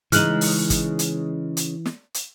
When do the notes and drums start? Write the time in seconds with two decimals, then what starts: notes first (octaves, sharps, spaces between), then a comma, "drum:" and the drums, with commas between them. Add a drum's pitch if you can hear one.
0.12 C#3 E3 G#3 D#4 F6 F#6 F#7, drum: hi-hat
0.41 drum: open hi-hat
0.70 drum: kick, hi-hat
0.99 drum: hi-hat
1.57 drum: hi-hat
1.86 drum: snare
2.14 drum: hi-hat